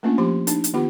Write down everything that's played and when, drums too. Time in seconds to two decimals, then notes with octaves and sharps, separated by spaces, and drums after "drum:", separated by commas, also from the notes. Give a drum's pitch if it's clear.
0.03 A3 A#3 C#4 D4 F4
0.18 F3 G4 C6
0.47 D4 D#4, drum: hi-hat
0.64 drum: hi-hat
0.74 D#3 B3 F4 G4 B5